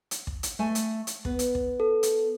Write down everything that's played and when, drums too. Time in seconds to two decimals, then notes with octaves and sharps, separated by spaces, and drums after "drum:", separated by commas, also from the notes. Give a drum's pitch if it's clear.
0.11 drum: hi-hat
0.27 drum: kick
0.43 drum: hi-hat
0.59 A3 G#5
0.75 drum: hi-hat
1.07 drum: hi-hat
1.25 B3, drum: kick
1.39 drum: hi-hat
1.55 drum: kick
1.80 A4
2.03 drum: hi-hat